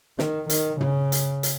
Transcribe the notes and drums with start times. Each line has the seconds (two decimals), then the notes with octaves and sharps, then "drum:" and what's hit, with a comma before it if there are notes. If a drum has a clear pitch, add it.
0.19 D#3, drum: snare
0.50 D#3, drum: hi-hat
0.81 C#3, drum: tom
1.12 drum: hi-hat
1.43 drum: hi-hat